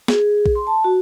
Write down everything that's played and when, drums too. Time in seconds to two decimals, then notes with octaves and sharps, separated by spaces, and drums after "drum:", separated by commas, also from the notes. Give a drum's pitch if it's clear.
0.08 G#4, drum: snare
0.46 drum: kick A#1
0.55 C6
0.67 A5
0.84 F#4